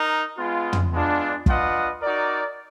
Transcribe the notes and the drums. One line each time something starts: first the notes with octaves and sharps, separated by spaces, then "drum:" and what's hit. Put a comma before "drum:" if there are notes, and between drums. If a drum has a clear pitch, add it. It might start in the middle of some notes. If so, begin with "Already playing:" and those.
Already playing: D#4 A#4
G#3 B3 F4
drum: tom
G#3 B3 D4 F4
D4 F4 B4 D#5 F#5, drum: kick
D#4 F#4 A#4 D5